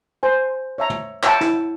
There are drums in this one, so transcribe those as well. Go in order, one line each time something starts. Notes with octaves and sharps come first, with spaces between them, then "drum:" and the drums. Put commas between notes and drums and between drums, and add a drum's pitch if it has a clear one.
C5 G#5
C#5 E5 A#5
drum: tom
C#5 E5 F#5 G5 A5, drum: clap
E4, drum: snare